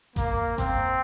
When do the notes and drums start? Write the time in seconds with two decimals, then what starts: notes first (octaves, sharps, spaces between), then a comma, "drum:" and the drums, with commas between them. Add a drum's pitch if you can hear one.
0.16 A#3, drum: kick G#1, hi-hat
0.58 C4, drum: kick G#1, hi-hat